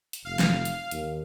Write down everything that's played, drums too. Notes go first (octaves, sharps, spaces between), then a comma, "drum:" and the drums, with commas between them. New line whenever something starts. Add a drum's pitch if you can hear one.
drum: hi-hat
F1 F5
drum: snare
drum: hi-hat
D#2, drum: hi-hat